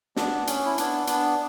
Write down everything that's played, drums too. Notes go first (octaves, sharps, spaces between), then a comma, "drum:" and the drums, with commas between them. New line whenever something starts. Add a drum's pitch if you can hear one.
B3 D4, drum: snare
C#4, drum: hi-hat
E4
B3 D4, drum: hi-hat
B3 D4, drum: hi-hat